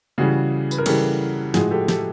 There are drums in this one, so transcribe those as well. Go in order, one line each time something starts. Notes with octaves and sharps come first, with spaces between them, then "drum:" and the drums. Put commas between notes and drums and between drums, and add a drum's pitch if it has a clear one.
C#3 E3 G3 F#4 G#4
B4, drum: tambourine
A#4
C#3 E3 G3 G4 A4, drum: cymbal
A2 F3 G#3 F#4 G#4, drum: snare
G4 A4
G4 A4, drum: snare